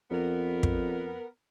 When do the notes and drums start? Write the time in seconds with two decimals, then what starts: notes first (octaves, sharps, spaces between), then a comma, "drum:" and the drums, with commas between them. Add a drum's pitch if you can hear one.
0.11 F2 B3 A#4
0.63 drum: kick